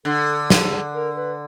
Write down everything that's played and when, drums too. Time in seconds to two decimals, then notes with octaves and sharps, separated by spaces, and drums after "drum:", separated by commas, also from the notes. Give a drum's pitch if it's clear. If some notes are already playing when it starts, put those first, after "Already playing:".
0.05 D3 A4
0.50 G#4, drum: snare
0.95 A#4
1.17 B4